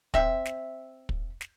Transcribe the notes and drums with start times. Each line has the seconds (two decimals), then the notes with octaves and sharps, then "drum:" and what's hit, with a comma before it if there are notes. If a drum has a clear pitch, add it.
0.14 C4 E5, drum: kick
0.45 drum: snare
1.09 drum: kick
1.41 drum: snare